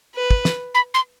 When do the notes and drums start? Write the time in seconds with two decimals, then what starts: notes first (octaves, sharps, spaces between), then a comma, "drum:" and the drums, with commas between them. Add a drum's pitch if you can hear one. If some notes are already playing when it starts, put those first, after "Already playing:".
0.16 B4
0.31 drum: kick
0.45 drum: snare
0.74 B5
0.94 C6